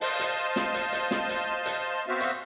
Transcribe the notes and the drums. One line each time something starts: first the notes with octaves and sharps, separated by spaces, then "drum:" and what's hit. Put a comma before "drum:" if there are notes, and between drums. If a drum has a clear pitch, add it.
C5 D#5 F5 A5 C6, drum: open hi-hat
drum: hi-hat
drum: snare
drum: hi-hat
drum: hi-hat
drum: snare
drum: hi-hat
drum: hi-hat
B3 C4 F#4 C5 E5 F5
drum: hi-hat